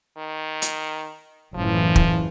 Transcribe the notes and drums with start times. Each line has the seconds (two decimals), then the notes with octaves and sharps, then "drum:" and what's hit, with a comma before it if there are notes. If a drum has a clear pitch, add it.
0.17 D#3
0.62 drum: hi-hat
1.55 F#1 A2 E3 F3
1.96 drum: kick